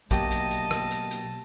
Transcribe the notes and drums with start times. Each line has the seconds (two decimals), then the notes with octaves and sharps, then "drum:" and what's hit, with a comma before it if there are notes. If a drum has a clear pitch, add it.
0.11 D2 B2 F#3 A#3 G4 D#5 G5 A5, drum: kick A#1, hi-hat
0.31 drum: hi-hat
0.51 drum: hi-hat
0.71 drum: rim click
0.91 drum: hi-hat
1.11 drum: hi-hat